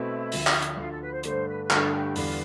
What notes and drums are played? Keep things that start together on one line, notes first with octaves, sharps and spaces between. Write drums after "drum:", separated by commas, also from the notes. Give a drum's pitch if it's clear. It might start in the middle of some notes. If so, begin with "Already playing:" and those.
Already playing: B2 A3 C4 E4
D2 D3 F3, drum: open hi-hat
drum: clap
drum: hi-hat
D2 D3 F3 F4
A4
B4
C5
G2 D3 A3 D4 C5, drum: hi-hat
B4
B4
G2 D3 A3 D4 A4, drum: clap
G4
E2 D3 G3 B3 D4 F4, drum: open hi-hat